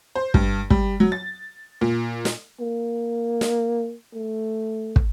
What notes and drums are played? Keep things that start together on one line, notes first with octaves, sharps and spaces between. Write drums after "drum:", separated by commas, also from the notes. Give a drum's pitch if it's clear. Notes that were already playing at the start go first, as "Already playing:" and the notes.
C5
G2, drum: kick
G3, drum: kick
F#3
A6
A#2
drum: snare
A#3
drum: snare
A3
drum: kick